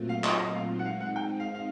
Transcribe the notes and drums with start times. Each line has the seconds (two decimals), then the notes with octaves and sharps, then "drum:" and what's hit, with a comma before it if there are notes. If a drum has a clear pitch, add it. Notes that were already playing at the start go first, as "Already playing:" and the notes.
Already playing: A#2 F#3 A3 C4 F4
0.09 F5
0.24 D#5, drum: clap
0.39 D#5
0.55 F5
0.70 G#3 C4 D#4
0.79 F#5
0.85 F5
1.01 F#5
1.16 G5
1.40 F5
1.54 F5